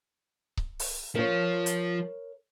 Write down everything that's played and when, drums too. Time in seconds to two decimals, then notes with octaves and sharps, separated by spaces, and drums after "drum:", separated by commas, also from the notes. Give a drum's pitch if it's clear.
0.57 drum: kick C#1
0.79 drum: open hi-hat
1.15 F3 A#4 C#5
1.66 drum: hi-hat